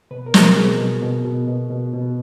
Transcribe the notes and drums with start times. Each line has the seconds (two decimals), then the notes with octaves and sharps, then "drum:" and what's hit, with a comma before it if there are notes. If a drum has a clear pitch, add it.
0.11 B2 B4
0.26 A#4
0.34 B2, drum: snare
0.41 A#4
0.57 B2 G#4
0.79 B2
1.02 B2 F#4
1.25 B2
1.47 B2
1.70 B2
1.93 B2